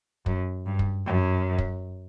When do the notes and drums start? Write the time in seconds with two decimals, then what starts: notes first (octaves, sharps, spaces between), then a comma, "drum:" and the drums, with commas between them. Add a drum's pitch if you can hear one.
0.26 F#2, drum: kick
0.66 G2
0.79 drum: kick
1.06 F#2
1.58 drum: kick